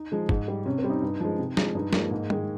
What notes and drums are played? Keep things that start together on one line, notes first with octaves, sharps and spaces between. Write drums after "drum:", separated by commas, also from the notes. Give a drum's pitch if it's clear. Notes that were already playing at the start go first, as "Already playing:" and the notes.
Already playing: D#4
F3 G#3
G#2, drum: kick
G3
C3 C#4
C4
G3
D#4
G2
F3 G#3
C3
F3 G#3, drum: snare
G2 D#4
F3 G#3 A#3, drum: snare
G#2
D#3 G#3, drum: tom